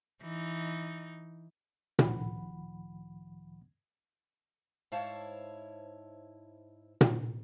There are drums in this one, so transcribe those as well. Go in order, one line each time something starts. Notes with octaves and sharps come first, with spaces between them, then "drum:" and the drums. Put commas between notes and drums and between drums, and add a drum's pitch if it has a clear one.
E3 D#4
C#2 A2 D#3 F3 F#5 B5, drum: tom A#2
G#2 E4 C5 C#5 F5 A5
drum: tom A#2